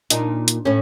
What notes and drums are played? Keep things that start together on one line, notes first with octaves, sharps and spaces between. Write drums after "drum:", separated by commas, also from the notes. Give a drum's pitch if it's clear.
A#2 D4 D#4, drum: hi-hat
drum: hi-hat
A2 C#4